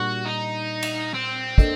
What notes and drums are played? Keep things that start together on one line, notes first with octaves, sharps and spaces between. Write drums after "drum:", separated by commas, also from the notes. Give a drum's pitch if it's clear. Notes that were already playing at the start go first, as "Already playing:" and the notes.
Already playing: A#2 G3 D4 F#4
D#4
drum: cymbal
C4
A#3 D4 A4 D#5, drum: kick